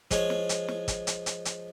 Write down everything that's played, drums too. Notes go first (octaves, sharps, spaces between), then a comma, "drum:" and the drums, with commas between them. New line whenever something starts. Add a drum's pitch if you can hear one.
F3 G#3 C#5, drum: kick, hi-hat
drum: snare
drum: hi-hat
drum: snare
drum: kick, hi-hat
drum: hi-hat
drum: hi-hat
drum: hi-hat